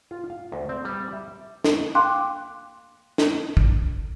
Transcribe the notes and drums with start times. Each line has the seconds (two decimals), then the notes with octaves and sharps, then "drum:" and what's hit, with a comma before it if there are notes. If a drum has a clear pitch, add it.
0.11 F4
0.30 F5
0.52 D2
0.69 C4
0.85 G3
1.13 E5
1.64 drum: snare
1.95 F5 G5 C6 D6 F#6
3.18 drum: snare
3.57 drum: kick